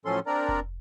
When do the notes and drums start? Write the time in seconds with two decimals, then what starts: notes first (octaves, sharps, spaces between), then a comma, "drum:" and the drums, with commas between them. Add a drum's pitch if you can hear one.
0.05 A2 F3 F#3 C#4 A4 C6
0.27 C4 D4 A#4 D5 A#5
0.49 drum: kick F1